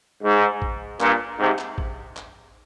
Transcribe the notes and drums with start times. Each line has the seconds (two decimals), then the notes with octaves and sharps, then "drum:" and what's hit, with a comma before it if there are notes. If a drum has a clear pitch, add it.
0.23 G#2
0.62 drum: kick
1.00 G2 A#2, drum: clap
1.39 G#2 C3
1.58 drum: clap
1.78 drum: kick
2.16 drum: clap